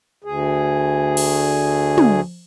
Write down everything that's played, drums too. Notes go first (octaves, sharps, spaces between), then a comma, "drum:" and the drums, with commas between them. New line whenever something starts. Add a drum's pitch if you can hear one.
D2 G#4
drum: cymbal
drum: tom